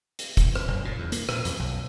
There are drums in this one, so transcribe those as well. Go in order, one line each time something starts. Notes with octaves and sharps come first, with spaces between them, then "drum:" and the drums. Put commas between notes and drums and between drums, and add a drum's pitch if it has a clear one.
drum: hi-hat
drum: kick, hi-hat
drum: rim click
F#1
A#2
E2
A#3, drum: hi-hat
A#2, drum: rim click
F2, drum: hi-hat
B1